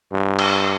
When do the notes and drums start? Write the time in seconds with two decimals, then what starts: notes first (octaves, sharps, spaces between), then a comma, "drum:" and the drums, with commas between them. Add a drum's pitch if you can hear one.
0.12 G2
0.39 drum: cymbal